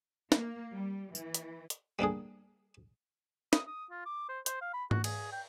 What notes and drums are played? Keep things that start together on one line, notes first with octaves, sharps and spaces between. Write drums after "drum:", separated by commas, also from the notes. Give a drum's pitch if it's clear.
A#3, drum: snare
G3
E3, drum: tambourine
drum: hi-hat
drum: hi-hat
G3 A#3 D4 G#4
D#6, drum: snare
D#6
F4
D6
C5
C5, drum: hi-hat
F5
B5
F#4, drum: tom G#2
G#4, drum: cymbal
G5